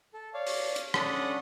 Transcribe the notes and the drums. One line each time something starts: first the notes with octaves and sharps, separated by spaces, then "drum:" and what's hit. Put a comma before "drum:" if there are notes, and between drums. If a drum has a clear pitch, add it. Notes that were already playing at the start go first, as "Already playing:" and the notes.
A4
C#5 D5 F5
drum: open hi-hat
drum: hi-hat
C#4 D4 A4 F#5 D#6, drum: rim click